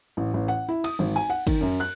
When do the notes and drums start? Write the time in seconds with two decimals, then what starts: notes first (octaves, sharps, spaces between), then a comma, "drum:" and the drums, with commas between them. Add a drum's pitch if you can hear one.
0.17 A1
0.34 A1
0.48 F#5
0.68 E4
0.84 D#6, drum: cymbal
0.99 G#1
1.16 G#5
1.30 F#5
1.47 D#3, drum: kick, cymbal
1.61 F#2
1.80 F#6